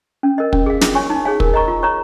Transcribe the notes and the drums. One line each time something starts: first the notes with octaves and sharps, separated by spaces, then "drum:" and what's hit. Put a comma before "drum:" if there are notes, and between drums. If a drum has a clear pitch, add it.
C#4
A#4 D#5
C#4, drum: kick
G#4 F5
F4, drum: snare
C#5 G#5 C#6
D#4
G#4 C#5 F5 G#5
A#4, drum: kick
D#5 A#5 C#6
F4
C#5 A#5 C#6